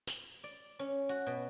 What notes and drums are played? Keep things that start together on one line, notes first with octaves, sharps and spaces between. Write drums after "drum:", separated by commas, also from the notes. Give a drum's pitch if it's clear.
drum: tambourine
D5
C#4
F#4
B2